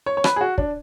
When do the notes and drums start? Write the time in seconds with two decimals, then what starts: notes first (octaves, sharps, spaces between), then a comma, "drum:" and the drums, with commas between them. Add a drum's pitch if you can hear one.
0.06 C#5
0.17 C#5
0.24 B4, drum: rim click
0.36 G#4
0.41 F#4
0.58 D4, drum: kick